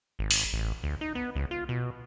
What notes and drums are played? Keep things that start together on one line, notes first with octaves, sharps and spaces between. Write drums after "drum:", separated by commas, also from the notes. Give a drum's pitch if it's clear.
G#1
drum: open hi-hat
A1
D2
D#4
B3
C#2
F4
B2